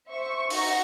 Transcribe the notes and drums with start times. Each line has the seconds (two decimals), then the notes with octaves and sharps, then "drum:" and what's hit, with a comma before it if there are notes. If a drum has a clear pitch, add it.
0.12 C5 E5 C#6
0.50 D#4 F#4 A#6, drum: open hi-hat